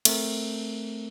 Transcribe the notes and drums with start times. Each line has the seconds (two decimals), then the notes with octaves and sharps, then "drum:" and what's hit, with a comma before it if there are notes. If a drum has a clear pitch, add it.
0.05 A3 C4 A#4, drum: cymbal